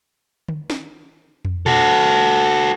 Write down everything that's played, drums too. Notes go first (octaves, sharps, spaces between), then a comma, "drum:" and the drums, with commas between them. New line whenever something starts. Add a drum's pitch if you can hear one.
drum: tom D3
drum: snare
drum: tom
F#4 A4, drum: tom A#2